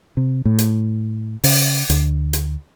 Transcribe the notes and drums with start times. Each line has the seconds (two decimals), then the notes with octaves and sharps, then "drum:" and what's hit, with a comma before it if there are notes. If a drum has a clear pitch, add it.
0.17 C3
0.45 A2
0.58 drum: hi-hat
1.44 C#3, drum: open hi-hat
1.90 D2, drum: hi-hat
2.33 drum: hi-hat